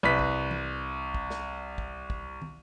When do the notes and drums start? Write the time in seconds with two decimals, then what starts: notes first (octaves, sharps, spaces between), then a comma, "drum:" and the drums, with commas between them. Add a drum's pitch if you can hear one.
0.03 C2 B4 B6
0.19 drum: kick
0.51 drum: tom E3
1.14 drum: kick
1.30 drum: snare
1.78 drum: kick
2.10 drum: kick
2.42 drum: tom